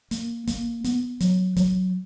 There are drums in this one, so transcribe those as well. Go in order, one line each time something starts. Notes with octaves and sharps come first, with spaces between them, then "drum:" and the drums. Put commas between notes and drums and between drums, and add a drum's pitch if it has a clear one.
A#3, drum: hi-hat
A#3, drum: kick, hi-hat
B3, drum: hi-hat
F#3, drum: hi-hat
F#3, drum: kick, hi-hat